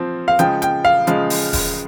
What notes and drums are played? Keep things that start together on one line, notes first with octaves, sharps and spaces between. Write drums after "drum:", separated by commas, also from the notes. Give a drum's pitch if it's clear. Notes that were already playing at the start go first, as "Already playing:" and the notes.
Already playing: F3 C4
F5
C#3 F3 G#3 G5, drum: hi-hat
G5, drum: hi-hat
F5
C#3 F3 G#3, drum: hi-hat
drum: open hi-hat
drum: kick D#1, open hi-hat